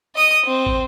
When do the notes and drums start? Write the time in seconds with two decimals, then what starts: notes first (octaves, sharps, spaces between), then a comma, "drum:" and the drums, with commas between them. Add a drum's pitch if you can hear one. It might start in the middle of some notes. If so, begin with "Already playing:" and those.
0.15 D#5 D#6
0.45 C4
0.66 drum: kick